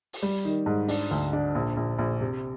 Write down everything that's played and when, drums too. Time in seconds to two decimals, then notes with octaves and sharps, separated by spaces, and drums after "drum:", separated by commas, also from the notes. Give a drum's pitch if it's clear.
0.13 drum: open hi-hat
0.23 G3
0.45 D#3
0.66 G#2
0.88 D4, drum: open hi-hat
1.11 D2
1.33 D4
1.55 A#1
1.77 A#1
1.99 A#1
2.21 C3